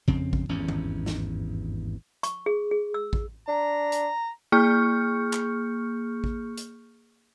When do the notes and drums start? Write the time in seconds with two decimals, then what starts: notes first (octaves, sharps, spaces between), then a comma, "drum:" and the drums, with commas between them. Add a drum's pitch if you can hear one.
0.08 F2 C#3 C4, drum: kick A1
0.33 drum: kick A1
0.49 G#1 E2 G2 C#4
0.68 drum: tom D#3
1.06 drum: snare
2.23 C#6, drum: hi-hat
2.46 G#4
2.71 G#4
2.94 E6
3.13 drum: kick A1
3.48 D4 A#5
3.92 drum: hi-hat
4.52 A#3 G#4 C#6 F6 G6 C#7
5.33 drum: clap
6.24 drum: kick A1
6.57 drum: hi-hat